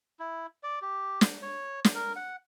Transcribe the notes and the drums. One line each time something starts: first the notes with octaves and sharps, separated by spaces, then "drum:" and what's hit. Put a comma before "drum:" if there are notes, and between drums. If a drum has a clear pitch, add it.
E4
D5
G4
drum: snare
C#5
drum: snare
A#4
F#5